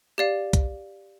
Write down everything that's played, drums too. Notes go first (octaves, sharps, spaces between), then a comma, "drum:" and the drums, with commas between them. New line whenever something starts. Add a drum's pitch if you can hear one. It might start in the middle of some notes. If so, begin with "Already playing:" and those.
G4 D5 F5
drum: kick, hi-hat